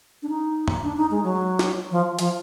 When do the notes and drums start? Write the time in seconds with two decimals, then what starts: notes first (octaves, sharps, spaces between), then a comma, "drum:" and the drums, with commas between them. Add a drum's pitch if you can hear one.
0.23 D4
0.29 D#4
0.68 drum: tom
0.83 D4
0.97 D#4
1.11 G#3
1.24 F#3
1.59 drum: snare
1.91 F3
2.19 F3, drum: hi-hat